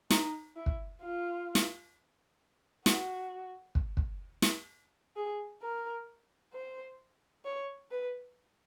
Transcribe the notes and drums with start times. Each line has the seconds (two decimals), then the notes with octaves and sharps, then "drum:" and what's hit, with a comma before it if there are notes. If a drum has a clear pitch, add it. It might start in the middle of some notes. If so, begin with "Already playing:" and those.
0.10 D#4, drum: snare
0.56 E4
0.66 drum: kick
1.02 F4
1.55 drum: snare
2.86 F#4, drum: snare
3.75 drum: kick
3.97 drum: kick
4.42 drum: snare
5.16 G#4
5.62 A#4
6.53 C5
7.45 C#5
7.91 B4